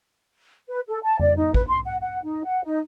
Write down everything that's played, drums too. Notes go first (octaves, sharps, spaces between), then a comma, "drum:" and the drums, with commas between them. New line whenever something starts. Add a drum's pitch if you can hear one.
B4
A4
A5
D5, drum: tom F2
D#4
B4, drum: kick
C6
F#5
F#5
D#4
F#5
D#4